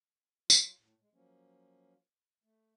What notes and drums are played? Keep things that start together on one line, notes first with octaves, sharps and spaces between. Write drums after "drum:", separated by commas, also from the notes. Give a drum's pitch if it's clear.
F#3 F4, drum: tambourine
A2
G#3
F3 F#3 A#3 C#4
A3